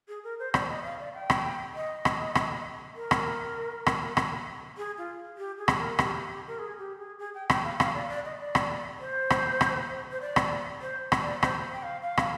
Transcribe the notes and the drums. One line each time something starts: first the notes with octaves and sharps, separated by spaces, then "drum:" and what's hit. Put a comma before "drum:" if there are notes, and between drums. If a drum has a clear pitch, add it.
G#4
A#4
C5
D5, drum: rim click
D#5
F5
D5
G5
drum: rim click
D#5
drum: rim click
drum: rim click
A#4
drum: rim click
drum: rim click
drum: rim click
G#4
F4
G4
G#4
drum: rim click
A#4
G4, drum: rim click
A#4
G#4
G4
G#4
G#4
G5
G5, drum: rim click
F5
F5, drum: rim click
D5
D5
D#5
D5
drum: rim click
C5
drum: rim click
drum: rim click
C5
D5
drum: rim click
C5
drum: rim click
D5
C5, drum: rim click
G5
F5
F5
drum: rim click